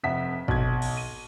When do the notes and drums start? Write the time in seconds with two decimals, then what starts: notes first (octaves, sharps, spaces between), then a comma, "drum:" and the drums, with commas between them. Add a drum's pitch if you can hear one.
0.03 F1 F2 E5 F#5 B6
0.48 B1 G#6, drum: kick
0.82 drum: cymbal
0.97 D#7